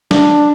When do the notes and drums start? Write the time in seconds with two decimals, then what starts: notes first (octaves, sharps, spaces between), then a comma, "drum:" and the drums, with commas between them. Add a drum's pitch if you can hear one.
0.11 D4, drum: snare